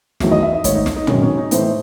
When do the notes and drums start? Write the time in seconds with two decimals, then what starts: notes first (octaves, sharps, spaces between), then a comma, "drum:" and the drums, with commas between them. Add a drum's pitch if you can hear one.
0.20 E2 D#3 F#3 A3, drum: snare
0.31 D#5
0.42 E5
0.53 D#5
0.64 G#2 D#3 A3 C#5, drum: kick, hi-hat
0.75 D#4
0.86 drum: snare
0.96 D#4
1.07 F#2 D#3 G#3 C#4, drum: tom
1.23 C#4
1.37 D#4
1.51 A2 E3 A3 C5, drum: hi-hat